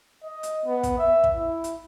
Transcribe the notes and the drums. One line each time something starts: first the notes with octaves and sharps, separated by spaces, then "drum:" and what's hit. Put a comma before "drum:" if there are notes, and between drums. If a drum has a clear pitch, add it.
D#5
drum: hi-hat
B3
drum: kick, hi-hat
E5
drum: kick
E4
drum: hi-hat